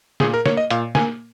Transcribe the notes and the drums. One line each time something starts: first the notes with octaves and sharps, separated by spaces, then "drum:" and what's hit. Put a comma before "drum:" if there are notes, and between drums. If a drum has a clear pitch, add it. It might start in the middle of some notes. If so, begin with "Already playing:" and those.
A#2 G#4, drum: snare
A#4
A#3 C#5, drum: snare
D#5
A#2 F5, drum: hi-hat
A#3 G#5, drum: snare